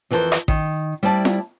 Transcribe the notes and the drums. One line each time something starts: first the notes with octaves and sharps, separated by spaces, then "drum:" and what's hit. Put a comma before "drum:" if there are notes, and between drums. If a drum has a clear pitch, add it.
F2 E3 D#4 A4 A#4 C5
drum: rim click
D#3, drum: kick A1
G3 E4 C5 D5 A5
drum: snare